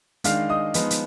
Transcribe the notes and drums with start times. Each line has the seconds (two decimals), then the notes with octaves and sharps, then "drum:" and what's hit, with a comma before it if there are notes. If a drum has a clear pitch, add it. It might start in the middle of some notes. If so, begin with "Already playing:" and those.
0.24 D#3 G#3 D4 F5 F6, drum: hi-hat
0.49 D#5 D#6
0.74 F3 G#3 B3 D#4, drum: hi-hat
0.90 drum: hi-hat